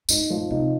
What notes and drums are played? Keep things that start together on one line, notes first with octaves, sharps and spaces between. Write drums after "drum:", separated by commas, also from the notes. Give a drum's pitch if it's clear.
G#2 D#4, drum: tambourine
A#2 F3
C3 D#4